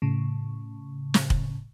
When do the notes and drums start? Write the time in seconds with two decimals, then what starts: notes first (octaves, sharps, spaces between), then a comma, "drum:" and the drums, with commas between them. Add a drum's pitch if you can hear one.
0.02 A2 C#3
1.14 drum: snare
1.30 drum: kick